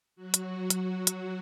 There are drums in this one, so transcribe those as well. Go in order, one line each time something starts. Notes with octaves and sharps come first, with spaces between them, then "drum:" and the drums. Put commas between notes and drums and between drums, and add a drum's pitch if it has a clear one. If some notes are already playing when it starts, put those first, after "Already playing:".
F#3 F#4
drum: hi-hat
drum: hi-hat
drum: hi-hat